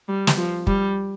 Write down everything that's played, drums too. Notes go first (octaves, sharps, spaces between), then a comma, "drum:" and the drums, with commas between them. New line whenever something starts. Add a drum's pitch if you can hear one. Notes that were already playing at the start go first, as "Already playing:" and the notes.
G3
drum: snare
F3
G3, drum: kick